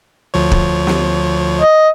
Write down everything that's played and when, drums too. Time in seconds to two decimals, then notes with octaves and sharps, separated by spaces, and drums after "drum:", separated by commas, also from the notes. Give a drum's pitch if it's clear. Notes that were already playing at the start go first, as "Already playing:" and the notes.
0.34 D2 F3 C#5
0.51 drum: kick
0.87 drum: snare
1.61 D#5